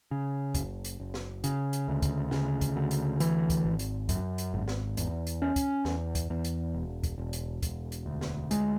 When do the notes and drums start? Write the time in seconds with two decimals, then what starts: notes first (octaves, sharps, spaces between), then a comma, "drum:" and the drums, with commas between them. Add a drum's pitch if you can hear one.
0.11 C#3
0.55 F#1, drum: kick, hi-hat
0.84 drum: hi-hat
1.00 F#1
1.14 drum: snare
1.44 C#3, drum: hi-hat
1.73 drum: hi-hat
1.88 D2
2.02 drum: kick, hi-hat
2.31 C#3, drum: snare
2.61 drum: kick, hi-hat
2.76 D2
2.91 drum: hi-hat
3.20 E3, drum: hi-hat
3.50 drum: kick, hi-hat
3.64 G#1
3.79 drum: hi-hat
4.09 F#2, drum: kick, hi-hat
4.38 drum: hi-hat
4.54 G#1
4.68 drum: snare
4.97 E2, drum: hi-hat
5.27 drum: hi-hat
5.42 C#4
5.56 drum: kick, hi-hat
5.85 E2, drum: snare
6.15 drum: kick, hi-hat
6.30 E2
6.44 drum: hi-hat
6.74 E1
7.03 drum: kick, hi-hat
7.18 E1
7.33 drum: hi-hat
7.62 E1, drum: kick, hi-hat
7.92 drum: hi-hat
8.06 D2
8.21 drum: snare
8.51 G#3, drum: hi-hat